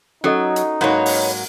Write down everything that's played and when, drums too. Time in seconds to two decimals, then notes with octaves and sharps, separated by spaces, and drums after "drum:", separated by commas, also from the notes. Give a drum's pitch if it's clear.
0.24 F#3 C#4 D#4 A4 D#5
0.56 drum: hi-hat
0.81 G#2 F#3 A#3 B4 C#5
1.06 drum: open hi-hat